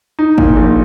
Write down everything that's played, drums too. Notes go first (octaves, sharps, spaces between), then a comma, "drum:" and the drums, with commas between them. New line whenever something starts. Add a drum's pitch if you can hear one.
D#4
A#2, drum: kick
A#1